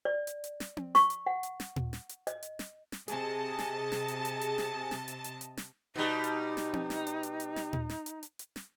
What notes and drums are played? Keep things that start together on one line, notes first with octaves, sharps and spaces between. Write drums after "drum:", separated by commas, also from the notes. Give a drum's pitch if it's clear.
D5
drum: hi-hat
drum: hi-hat
drum: snare
drum: tom C4
C#6, drum: snare
drum: hi-hat
F#5
drum: hi-hat
drum: snare
drum: tom A#2
drum: snare
drum: hi-hat
D#5, drum: hi-hat
drum: hi-hat
drum: snare
drum: snare
C3 G#4 D#5 A5, drum: hi-hat
drum: snare
drum: snare
drum: hi-hat
drum: hi-hat
drum: hi-hat
drum: snare
drum: snare
drum: hi-hat
drum: hi-hat
drum: hi-hat
drum: snare
B2 G3 D#4
drum: hi-hat
drum: snare
drum: tom C4
drum: snare
drum: hi-hat
drum: hi-hat
drum: hi-hat
drum: snare
drum: tom A#2
drum: snare
drum: hi-hat
drum: hi-hat
drum: hi-hat
drum: snare